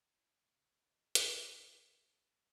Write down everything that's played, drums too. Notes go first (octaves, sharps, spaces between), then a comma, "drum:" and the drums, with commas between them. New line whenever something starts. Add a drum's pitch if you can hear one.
E4
C3
C#3
D#5
C#3, drum: hi-hat
B3
E4
B4